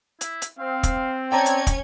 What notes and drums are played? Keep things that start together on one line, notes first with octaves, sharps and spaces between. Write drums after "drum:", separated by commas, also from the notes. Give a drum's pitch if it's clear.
E4, drum: hi-hat
drum: hi-hat
C4 F5
drum: kick, hi-hat
C#4 D5 G5 A5 A#5 G#6
drum: hi-hat
drum: kick, hi-hat